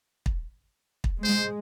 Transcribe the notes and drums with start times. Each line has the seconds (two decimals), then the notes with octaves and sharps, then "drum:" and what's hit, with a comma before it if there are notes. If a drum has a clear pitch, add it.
0.26 drum: kick
1.04 drum: kick
1.24 G#3 C5